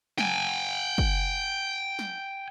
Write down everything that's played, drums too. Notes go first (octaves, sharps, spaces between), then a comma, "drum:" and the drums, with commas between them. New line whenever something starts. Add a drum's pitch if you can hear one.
G5 G#5, drum: snare
drum: kick
drum: snare